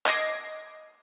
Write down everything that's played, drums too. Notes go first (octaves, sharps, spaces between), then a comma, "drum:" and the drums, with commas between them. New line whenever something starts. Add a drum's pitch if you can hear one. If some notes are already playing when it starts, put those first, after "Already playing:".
D#5 D6 G#6 A#6 C7, drum: clap